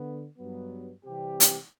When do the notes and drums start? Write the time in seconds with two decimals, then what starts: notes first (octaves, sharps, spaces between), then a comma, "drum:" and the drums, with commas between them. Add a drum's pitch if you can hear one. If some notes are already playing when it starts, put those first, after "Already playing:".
Already playing: D3 B3
0.38 G2 F#3 B3
1.04 C3 E3 G3 C4 G4
1.40 drum: hi-hat